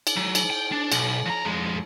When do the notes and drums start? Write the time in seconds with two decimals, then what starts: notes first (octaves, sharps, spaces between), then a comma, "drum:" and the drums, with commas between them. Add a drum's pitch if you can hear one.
0.07 drum: cymbal
0.16 F#3
0.35 drum: cymbal
0.50 G5
0.72 D4
0.92 B1, drum: cymbal
1.26 F3 A#5
1.45 F2 G#3